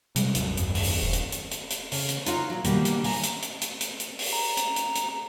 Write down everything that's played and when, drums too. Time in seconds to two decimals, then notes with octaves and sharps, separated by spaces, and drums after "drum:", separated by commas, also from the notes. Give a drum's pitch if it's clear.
0.16 C3 G3 G#3, drum: hi-hat
0.35 G#1 D#2 F#3, drum: hi-hat
0.57 F#2, drum: hi-hat
0.75 drum: open hi-hat
1.02 E1
1.13 drum: hi-hat
1.32 drum: hi-hat
1.51 drum: hi-hat
1.70 drum: hi-hat
1.92 C#3, drum: open hi-hat
2.09 drum: hi-hat
2.26 D#4 F4 F#4 C#5 F5 A#5, drum: hi-hat
2.50 A#2 F#3
2.64 B2 D3 D#3 F#3 G3 A#3, drum: hi-hat
2.85 drum: hi-hat
3.04 A2 F5 G#5 A#5, drum: open hi-hat
3.23 drum: hi-hat
3.42 drum: hi-hat
3.61 drum: hi-hat
3.81 drum: hi-hat
4.00 drum: hi-hat
4.19 drum: open hi-hat
4.33 A#5
4.57 drum: hi-hat
4.76 drum: hi-hat
4.95 drum: hi-hat